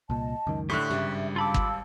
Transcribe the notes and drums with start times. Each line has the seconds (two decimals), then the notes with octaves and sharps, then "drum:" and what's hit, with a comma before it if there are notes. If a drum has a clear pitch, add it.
0.10 C2 A#2 D#5 A5
0.47 C#2 F#2 D#3
0.70 A2 D3 G4 E5 C#6 F#6
0.91 G#1 G2 C#3 G3
1.36 F4 F5 A5 B5 D6 E6
1.54 drum: kick